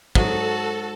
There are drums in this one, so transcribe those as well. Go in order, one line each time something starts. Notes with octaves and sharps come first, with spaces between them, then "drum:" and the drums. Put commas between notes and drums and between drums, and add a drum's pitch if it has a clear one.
G#2 F#3 F#4 A4 D#5 A5, drum: kick